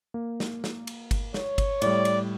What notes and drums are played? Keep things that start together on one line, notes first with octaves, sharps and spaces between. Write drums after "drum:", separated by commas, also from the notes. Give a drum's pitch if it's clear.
A#3
drum: snare
drum: snare
drum: cymbal
drum: kick G1, cymbal
C#5, drum: snare
drum: kick G1, cymbal
A2 G3 D5, drum: cymbal
drum: cymbal